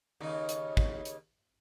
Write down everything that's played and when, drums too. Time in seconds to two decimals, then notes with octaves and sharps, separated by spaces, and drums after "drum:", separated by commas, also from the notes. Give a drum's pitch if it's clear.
0.20 D#2 C#3 D#4
0.49 drum: hi-hat
0.77 drum: kick
1.05 drum: hi-hat